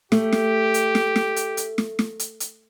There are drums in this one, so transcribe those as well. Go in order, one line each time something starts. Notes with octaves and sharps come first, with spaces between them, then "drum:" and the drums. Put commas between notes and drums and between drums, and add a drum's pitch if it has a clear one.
A3 G4, drum: snare
drum: snare
drum: hi-hat
drum: snare
drum: snare
drum: hi-hat
drum: hi-hat
drum: snare
drum: snare
drum: hi-hat
drum: hi-hat